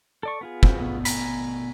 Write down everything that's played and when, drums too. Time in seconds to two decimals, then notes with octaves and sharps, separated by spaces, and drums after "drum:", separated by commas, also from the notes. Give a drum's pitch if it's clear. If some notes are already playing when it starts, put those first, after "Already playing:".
0.23 A4 D5 C#6
0.41 B3 F4 G#4
0.63 C4 F#4, drum: kick
0.79 B2 A3
1.05 G#5 A#5 B5, drum: hi-hat